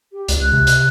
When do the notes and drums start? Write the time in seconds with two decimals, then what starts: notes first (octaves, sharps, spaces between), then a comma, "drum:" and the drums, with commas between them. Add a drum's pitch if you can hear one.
0.12 G4
0.28 C#2, drum: hi-hat
0.41 F#6
0.53 C3
0.67 drum: hi-hat